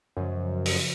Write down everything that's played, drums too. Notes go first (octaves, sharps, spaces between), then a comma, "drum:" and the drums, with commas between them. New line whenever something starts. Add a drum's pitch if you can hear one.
F#2 C#3 F3 G#3
drum: open hi-hat